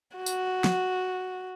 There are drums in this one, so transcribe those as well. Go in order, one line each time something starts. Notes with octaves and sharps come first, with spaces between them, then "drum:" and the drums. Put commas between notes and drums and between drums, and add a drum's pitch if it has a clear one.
F#4
drum: tambourine
drum: snare